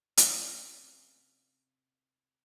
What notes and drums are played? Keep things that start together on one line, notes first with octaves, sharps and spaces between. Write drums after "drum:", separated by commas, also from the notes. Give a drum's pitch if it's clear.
C3 C#4 B4 D5 E5 F5, drum: hi-hat